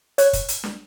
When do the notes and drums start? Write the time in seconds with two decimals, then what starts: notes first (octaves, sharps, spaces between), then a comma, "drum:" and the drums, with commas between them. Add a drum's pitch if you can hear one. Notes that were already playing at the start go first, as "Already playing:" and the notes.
0.18 C#5 F#6, drum: hi-hat
0.33 drum: kick, hi-hat
0.48 drum: hi-hat
0.64 drum: snare D4